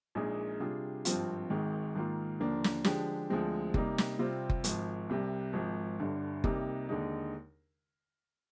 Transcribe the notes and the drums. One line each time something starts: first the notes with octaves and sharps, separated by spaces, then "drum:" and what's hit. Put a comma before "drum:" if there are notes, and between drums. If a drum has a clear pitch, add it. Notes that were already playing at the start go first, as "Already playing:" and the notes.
A#1 A#2 G#3 D#4 G#4
C3 G3 D4 F4 G#4
G#1 G2 F3 C4 F4, drum: hi-hat
G#1 G#2 D#3 G#3
G#2 D#3 A#3 F4
D#2 D3 F3 A#3 D4
drum: snare
D3 F3 G#3 D4 G4, drum: snare
D2 D3 F3 G#3 C4
C3 G3 A#3 D#4, drum: kick F#1
drum: snare
C3 G3 C4 F4
drum: kick F#1
G#1 G#2 F3, drum: hi-hat
C2 C3 G3
G#1 G#2 F3
G1 G2 D3
C2 C3 G3 A#3 D#4, drum: kick F#1
D#2 D3 G#3 D#4